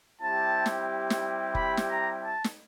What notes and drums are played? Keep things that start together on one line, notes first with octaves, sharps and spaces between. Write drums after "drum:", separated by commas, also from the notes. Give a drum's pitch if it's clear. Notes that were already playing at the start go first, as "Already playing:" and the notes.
G3 C4 E4 G4 A5
drum: snare
drum: snare
B5, drum: kick F1
drum: snare
A#5
A5
drum: snare